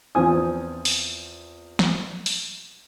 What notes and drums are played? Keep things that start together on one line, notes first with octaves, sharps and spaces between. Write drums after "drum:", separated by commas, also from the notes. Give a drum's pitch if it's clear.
E2 F3 C4 G#5 D#6
drum: open hi-hat
drum: snare
drum: open hi-hat